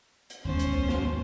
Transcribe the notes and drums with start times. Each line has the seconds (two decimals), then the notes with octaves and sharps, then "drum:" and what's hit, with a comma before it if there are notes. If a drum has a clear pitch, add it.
0.30 drum: hi-hat
0.45 D#2 G#2 B3 C#4 C5
0.59 drum: hi-hat
0.74 drum: kick C2
0.89 drum: snare